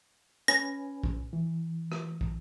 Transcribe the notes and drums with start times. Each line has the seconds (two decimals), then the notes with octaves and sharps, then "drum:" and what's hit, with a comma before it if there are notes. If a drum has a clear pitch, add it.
0.48 C#4 B4 G#5 A#6
1.04 drum: kick
1.33 E3
1.92 drum: rim click
2.21 drum: kick